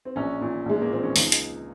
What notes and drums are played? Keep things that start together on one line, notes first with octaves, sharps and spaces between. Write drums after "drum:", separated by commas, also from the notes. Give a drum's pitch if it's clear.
C4
A#1 C#4
A#2
A#1 G#3
A#3
A#2 C4
C#4
C#2 D#4, drum: open hi-hat
drum: hi-hat